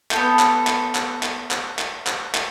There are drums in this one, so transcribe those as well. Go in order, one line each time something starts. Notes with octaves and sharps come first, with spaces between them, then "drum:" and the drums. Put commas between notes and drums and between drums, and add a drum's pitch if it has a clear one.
B3 C4 A4 G5, drum: clap
drum: clap
drum: clap
drum: clap
drum: clap
drum: clap
drum: clap
drum: clap
drum: clap